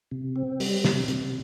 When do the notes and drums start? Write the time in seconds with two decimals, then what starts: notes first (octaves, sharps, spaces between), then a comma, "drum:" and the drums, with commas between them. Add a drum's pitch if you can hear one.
0.11 C3
0.36 C4
0.60 G3, drum: open hi-hat
0.84 C3, drum: snare
1.08 C3, drum: hi-hat